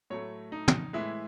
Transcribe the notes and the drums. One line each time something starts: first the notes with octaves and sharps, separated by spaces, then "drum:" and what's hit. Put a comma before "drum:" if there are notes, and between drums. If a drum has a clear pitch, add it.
A2 F#3 A3 C#5
D#4
drum: tom
A2 E3 G#3 E4